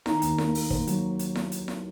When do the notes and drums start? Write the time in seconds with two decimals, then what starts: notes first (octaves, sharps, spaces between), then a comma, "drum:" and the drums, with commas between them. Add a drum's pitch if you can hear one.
0.06 D#3 A#5, drum: snare E4
0.22 D#2, drum: hi-hat
0.38 A#3, drum: snare E4
0.55 A#3, drum: open hi-hat
0.70 A#3 C5, drum: kick
0.87 F#3, drum: hi-hat
1.19 drum: hi-hat
1.35 drum: snare E4
1.52 drum: hi-hat
1.68 drum: snare E4